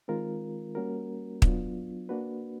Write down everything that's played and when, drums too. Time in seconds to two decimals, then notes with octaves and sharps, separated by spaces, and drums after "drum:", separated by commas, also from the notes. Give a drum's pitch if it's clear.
0.08 D#3 G#3 C4 F4 A#4
0.75 G3 A#3 C#4 F#4 A#4
1.42 F#3 B3 D4 F4, drum: kick
2.09 A#3 D4 F#4 B4